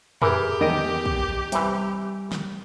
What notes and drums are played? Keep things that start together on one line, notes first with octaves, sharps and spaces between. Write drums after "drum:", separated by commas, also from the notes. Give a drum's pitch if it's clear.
E3 G4 G#4 A#4 B4, drum: tom F2
E2 D#3 D#5 G5 D7
drum: tom
drum: kick
C3 E3 G3, drum: hi-hat
drum: snare